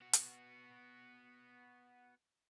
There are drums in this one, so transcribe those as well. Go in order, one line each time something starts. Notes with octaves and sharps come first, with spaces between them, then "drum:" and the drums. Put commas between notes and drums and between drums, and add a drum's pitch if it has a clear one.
B3 F#4
drum: hi-hat